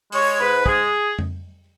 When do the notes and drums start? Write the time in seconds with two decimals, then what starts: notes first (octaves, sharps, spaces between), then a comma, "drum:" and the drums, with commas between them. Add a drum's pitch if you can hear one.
0.12 G#3 C#5, drum: open hi-hat
0.39 G#2 B4
0.66 G#3 G#4, drum: kick
1.19 drum: tom F2